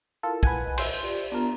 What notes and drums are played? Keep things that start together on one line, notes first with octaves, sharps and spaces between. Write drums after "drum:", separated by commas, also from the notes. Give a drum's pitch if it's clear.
E4 F4 A4 A#4
B4 F#5 G#5, drum: kick B1
D#5
C5 E5, drum: cymbal
F4 G4 D5
B3 D4 F4 A#4 A#5